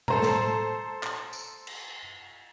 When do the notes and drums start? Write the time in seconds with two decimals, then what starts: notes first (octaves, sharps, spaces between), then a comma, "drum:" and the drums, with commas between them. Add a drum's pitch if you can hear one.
0.08 A4 C5 A#5, drum: tom A2
0.22 drum: snare
1.03 drum: clap
1.33 drum: tambourine
1.67 drum: cymbal